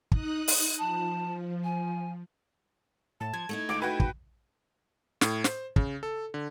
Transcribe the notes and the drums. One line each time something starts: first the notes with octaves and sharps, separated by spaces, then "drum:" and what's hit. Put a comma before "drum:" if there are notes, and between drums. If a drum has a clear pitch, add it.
D#4 D#6 F#6, drum: kick
drum: open hi-hat
F3 A5
G#5
A2 A5
F3 G#6
A3 D#4 E4
C#2 D6
F#4 B4 G5
G#2, drum: kick
A2, drum: snare
C5, drum: snare
C#3, drum: kick
A4
D3